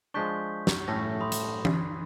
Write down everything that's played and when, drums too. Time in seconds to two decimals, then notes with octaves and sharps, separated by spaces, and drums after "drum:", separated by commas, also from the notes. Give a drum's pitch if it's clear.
0.14 F3 G#3 D4 C#6 G6 B6
0.67 drum: snare
0.88 A2 A3 C#4 A#6
1.21 B5 C6 D#6
1.32 drum: hi-hat
1.65 drum: tom E3